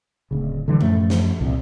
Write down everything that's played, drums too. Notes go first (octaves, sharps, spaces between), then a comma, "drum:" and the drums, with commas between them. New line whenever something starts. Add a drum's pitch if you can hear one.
D1 C#3
D3 E3 G3
F#2 F3 A3, drum: tom A2
drum: snare
C2 A#2